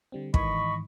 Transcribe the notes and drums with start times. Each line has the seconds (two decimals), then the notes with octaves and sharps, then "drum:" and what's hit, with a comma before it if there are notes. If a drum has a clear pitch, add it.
0.12 D3 G3 C4
0.34 G#2 D#3 E3 D#5 B5 C#6, drum: kick